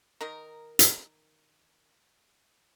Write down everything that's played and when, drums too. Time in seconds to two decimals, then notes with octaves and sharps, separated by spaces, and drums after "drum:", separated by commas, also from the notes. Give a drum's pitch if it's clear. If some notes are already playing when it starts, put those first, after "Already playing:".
0.21 D#3 D#4 A#4
0.79 drum: hi-hat